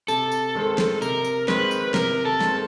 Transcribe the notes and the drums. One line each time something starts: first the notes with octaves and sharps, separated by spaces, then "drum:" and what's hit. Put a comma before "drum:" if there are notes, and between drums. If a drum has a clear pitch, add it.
C3 A4, drum: tambourine
drum: tambourine
D#3 G#3 C4
drum: snare
C3 A#4, drum: tambourine
drum: tambourine
D#3 G#3 C4 B4, drum: snare
drum: tambourine
C3 A#4, drum: snare
A4
D#3 G#3 C4, drum: snare